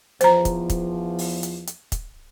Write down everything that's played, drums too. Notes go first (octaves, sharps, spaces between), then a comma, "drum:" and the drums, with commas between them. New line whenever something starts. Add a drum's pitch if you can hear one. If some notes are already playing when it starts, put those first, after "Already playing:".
E2 F3 C5 A#5, drum: hi-hat
drum: kick, hi-hat
drum: kick, hi-hat
drum: open hi-hat
drum: hi-hat
drum: hi-hat
drum: kick, hi-hat